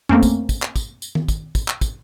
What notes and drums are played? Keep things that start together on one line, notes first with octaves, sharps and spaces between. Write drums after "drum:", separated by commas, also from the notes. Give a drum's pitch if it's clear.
A3 A#3 C4 C#4, drum: tom F2
drum: kick, tambourine
drum: kick, tambourine
drum: clap
drum: kick, tambourine
drum: tambourine
drum: tom D#3
drum: kick, tambourine
drum: kick, tambourine
drum: clap
drum: kick, tambourine